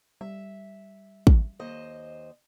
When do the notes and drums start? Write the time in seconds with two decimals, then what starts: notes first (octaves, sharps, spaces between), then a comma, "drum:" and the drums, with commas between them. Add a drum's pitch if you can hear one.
0.21 G3 E5
1.27 drum: kick
1.59 D#2 C5 D#5